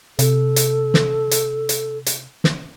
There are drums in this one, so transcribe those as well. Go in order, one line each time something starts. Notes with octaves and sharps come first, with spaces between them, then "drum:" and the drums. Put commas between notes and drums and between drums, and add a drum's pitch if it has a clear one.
C3 A4, drum: hi-hat
drum: hi-hat
drum: snare
drum: hi-hat
drum: hi-hat
drum: hi-hat
drum: snare